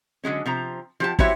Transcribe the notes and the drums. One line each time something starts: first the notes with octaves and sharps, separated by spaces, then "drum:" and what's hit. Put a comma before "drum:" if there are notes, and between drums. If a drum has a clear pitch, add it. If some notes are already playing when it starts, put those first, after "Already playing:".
D3 F#3 G#3 C#4
C3 F3 A#5
F3 G4 A5
E4 F#4 G4 C5 C#5 E5, drum: kick